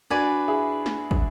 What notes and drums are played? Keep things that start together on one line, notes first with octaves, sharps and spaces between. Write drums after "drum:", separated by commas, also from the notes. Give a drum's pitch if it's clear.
D4 F#4 B4 D5 G#5
E4 G#4
drum: snare
drum: kick